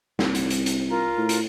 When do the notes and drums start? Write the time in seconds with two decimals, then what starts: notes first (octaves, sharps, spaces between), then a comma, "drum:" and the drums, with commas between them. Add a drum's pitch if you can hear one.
0.19 C2, drum: snare
0.35 drum: hi-hat
0.50 drum: hi-hat
0.66 drum: hi-hat
0.89 F4 A#4 A#5
1.18 A2
1.29 drum: hi-hat